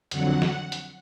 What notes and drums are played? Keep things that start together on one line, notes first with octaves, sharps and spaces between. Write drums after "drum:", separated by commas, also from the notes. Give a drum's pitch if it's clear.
F2 D3 F#3 F#5, drum: hi-hat
drum: snare
drum: hi-hat